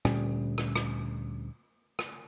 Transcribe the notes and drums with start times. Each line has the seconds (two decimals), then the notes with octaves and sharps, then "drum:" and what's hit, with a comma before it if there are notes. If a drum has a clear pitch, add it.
0.05 D2 A#2 G3 C#4, drum: rim click
0.58 drum: rim click
0.76 drum: rim click
1.99 drum: rim click